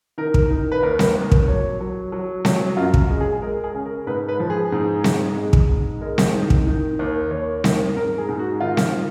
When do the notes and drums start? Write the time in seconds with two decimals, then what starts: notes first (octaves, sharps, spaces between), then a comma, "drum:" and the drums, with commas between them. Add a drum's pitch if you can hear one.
0.18 D#3 A#4
0.34 drum: kick
0.50 D#3
0.72 B4
0.83 D#2 A#4
0.99 drum: snare C4
1.15 D#2
1.32 drum: kick
1.48 F#3 C#5
1.80 F#3
2.12 F#3
2.45 F#3, drum: snare C4
2.77 F#2 F4
2.94 drum: kick
3.10 G#3
3.20 G#4
3.42 G#3 A#4
3.64 G#4
3.74 C#3
3.85 A#4
4.07 G#2 B4
4.28 B4
4.40 F3
4.50 G#4
4.72 G#2
5.04 G#2, drum: snare C4
5.37 G#3
5.53 drum: kick
5.69 G#2
6.01 G#3 A#4
6.18 drum: snare C4
6.34 D#3
6.50 drum: kick
6.67 D#3
6.99 D#2
7.31 D#2 C#5
7.64 D#3, drum: snare C4
7.96 G#2 A#4
8.18 G#4
8.29 G#2
8.39 F#4
8.60 D#3 F4
8.77 drum: snare C4